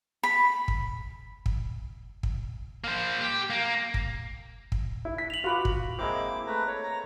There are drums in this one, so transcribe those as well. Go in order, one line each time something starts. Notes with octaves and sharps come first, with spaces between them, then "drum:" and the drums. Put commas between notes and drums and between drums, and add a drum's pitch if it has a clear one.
B5
drum: kick
drum: kick
drum: kick
A#3 C5
G4
A#3
drum: kick
drum: kick
E4
B6
F7 F#7
F4 F#4 B4 D6
drum: kick
G#3 A#3 C4 E4 D6
A3 B4 A#5
C#5
A#5